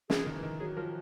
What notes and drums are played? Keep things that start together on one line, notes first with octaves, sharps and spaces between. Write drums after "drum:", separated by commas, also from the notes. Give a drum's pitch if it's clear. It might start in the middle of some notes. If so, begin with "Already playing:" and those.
F3 G#4, drum: snare
D#3
E3
D#3
F#3 G#4
F3 A#4